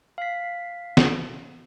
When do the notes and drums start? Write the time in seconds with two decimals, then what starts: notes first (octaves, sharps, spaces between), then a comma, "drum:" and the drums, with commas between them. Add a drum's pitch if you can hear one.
0.18 F5 B6
0.97 drum: snare